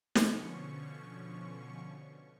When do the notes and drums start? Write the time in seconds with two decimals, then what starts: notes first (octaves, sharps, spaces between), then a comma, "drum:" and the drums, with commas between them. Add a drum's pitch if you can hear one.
0.15 B2 D3 F3 C#4 C#6, drum: snare